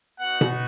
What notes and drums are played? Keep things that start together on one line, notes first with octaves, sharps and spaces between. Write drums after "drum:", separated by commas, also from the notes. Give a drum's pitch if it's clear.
B3 D#4 F#4 F#5
drum: tom B2